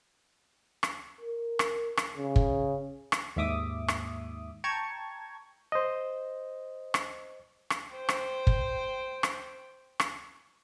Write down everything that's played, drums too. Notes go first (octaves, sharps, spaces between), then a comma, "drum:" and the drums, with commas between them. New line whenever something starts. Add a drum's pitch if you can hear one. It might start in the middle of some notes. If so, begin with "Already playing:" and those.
drum: rim click
A#4
drum: rim click
drum: rim click
C#3
drum: kick
drum: rim click
D#2 G#2 E5 D6 D#6
drum: rim click
G5 A5 A#5 C#6 G#6
C5 D#5
drum: rim click
drum: rim click
C5 G5
drum: rim click
drum: kick
drum: rim click
drum: rim click